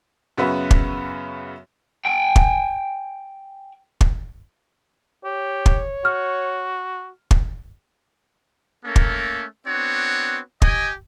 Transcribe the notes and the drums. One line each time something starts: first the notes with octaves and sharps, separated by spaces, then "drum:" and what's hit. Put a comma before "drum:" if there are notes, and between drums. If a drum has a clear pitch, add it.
F#2 C#3 B3 F#4 B4 E5
drum: kick
G5 G#5
drum: kick
drum: kick
G4 C#5
drum: kick
F#4 F6
drum: kick
A3 A#3 C#4 A4 A#4
drum: kick
B3 C4 D4 F#4 C#5
G4 D#5 G5 G#5, drum: kick